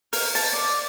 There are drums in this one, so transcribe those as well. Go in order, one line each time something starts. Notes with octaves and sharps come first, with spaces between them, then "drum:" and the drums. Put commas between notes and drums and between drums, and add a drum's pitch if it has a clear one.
A#4, drum: open hi-hat
A5, drum: open hi-hat
D5